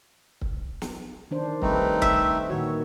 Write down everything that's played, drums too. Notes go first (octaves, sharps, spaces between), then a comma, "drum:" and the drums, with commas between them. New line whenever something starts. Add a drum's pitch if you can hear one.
drum: kick C#1
drum: snare
D#3 D4 C5
G3 A3 C4 D#4 B4, drum: kick C#1
E5, drum: kick C#1
A#2 D#3 F#4 C#5